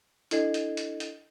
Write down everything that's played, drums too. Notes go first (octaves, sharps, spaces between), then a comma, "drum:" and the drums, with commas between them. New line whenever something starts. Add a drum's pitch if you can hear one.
D4 E4 A4 D#5 G#6 C7, drum: hi-hat
drum: hi-hat
drum: hi-hat
drum: hi-hat